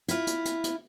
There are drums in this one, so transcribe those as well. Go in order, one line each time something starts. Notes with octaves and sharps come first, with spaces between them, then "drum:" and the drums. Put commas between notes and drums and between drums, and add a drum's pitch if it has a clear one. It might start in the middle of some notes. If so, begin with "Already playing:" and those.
E4 F4, drum: hi-hat
drum: hi-hat
drum: hi-hat
drum: hi-hat